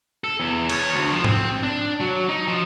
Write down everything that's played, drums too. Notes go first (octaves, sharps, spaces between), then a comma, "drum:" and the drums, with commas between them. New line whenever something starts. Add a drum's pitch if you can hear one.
A4
E2
C#5, drum: cymbal
D2
F3
C4, drum: tom G#2
D4
F#3
D#4
F3